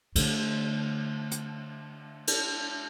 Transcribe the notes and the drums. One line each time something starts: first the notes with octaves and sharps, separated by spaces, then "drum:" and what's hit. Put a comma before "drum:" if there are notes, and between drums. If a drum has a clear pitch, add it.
D3 A3, drum: cymbal
drum: hi-hat
drum: cymbal